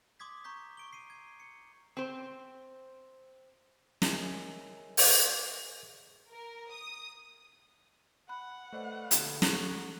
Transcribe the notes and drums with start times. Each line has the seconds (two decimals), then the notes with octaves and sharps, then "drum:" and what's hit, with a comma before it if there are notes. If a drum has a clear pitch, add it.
0.20 C6 D6 D#6 G#6 B6
0.44 A#5 C#6 G6 B6
0.77 C#6 D7 G7
0.93 C7 D7 D#7
1.10 G#6
1.40 C#7
1.97 C4 C5
4.02 G#4 A#4 C#5 D#5 E5 G#5, drum: snare
4.97 drum: open hi-hat
6.31 A#4
6.71 D#6
8.29 F#5 B5 F#6
8.72 A3 B4 C5 D5 D#5
9.11 A#1 D3 C6 F#6, drum: hi-hat
9.42 F#4 A4 F#5 A#5 D#6 F#6, drum: snare